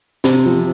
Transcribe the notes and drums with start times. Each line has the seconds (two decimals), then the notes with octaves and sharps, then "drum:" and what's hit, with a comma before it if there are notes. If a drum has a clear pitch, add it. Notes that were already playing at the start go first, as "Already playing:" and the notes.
0.24 C3 C4, drum: snare
0.46 F3